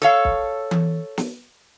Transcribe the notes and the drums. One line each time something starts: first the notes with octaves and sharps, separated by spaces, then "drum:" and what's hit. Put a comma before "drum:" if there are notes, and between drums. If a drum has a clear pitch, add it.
A4 C#5 F5
drum: kick
drum: tom E3
drum: snare